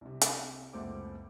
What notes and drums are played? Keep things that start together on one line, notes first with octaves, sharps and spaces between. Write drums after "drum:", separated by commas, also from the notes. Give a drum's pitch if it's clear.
C2 C3
drum: hi-hat
F#1 C#2 A3 C4 F#5 D6